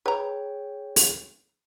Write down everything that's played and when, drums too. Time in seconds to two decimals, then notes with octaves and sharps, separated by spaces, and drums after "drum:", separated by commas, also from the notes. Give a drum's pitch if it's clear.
0.06 G#4 B4 C#5 G5 A#5
0.96 drum: open hi-hat